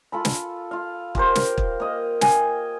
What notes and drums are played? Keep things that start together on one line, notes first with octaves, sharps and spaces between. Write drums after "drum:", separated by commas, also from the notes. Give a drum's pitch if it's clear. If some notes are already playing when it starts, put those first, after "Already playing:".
F4 A4 B5
drum: snare
F4 F5
F4 G4 A#4 C5, drum: kick
drum: snare
drum: kick
A#3 D#5
G5 G#5, drum: snare